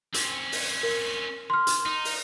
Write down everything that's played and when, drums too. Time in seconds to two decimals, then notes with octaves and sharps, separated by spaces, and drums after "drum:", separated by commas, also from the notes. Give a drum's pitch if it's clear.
0.14 C4 C#4, drum: hi-hat
0.52 drum: open hi-hat
0.83 A#4
1.50 C6 F6
1.67 drum: hi-hat
1.86 D#4
2.05 drum: open hi-hat